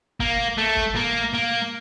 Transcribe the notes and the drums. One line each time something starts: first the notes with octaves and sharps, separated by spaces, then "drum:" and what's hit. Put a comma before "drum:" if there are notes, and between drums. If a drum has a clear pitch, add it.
A#3, drum: kick G1
A3
drum: kick G1
A#3
A#3